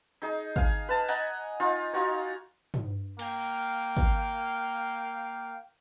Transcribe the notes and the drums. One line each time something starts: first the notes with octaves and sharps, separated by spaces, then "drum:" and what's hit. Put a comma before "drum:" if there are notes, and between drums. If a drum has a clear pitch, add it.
D#4 G#4
F5 G#5, drum: kick
B4 A5
D#5 F#5 G#5 A#5, drum: open hi-hat
D#4 F4
D#4 F4 F#4 C#5
drum: tom
A#3 F5 G5, drum: cymbal
drum: kick